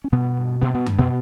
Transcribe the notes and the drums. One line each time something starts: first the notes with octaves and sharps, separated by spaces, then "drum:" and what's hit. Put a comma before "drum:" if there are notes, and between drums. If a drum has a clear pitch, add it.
C#4
G2 B2 B3
G2
G2 B2 B3
B2 B3
G2, drum: tom F#2
B2 B3